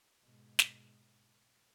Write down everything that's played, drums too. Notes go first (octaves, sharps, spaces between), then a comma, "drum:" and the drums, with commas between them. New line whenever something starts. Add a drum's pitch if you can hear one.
G#2 B2
drum: snare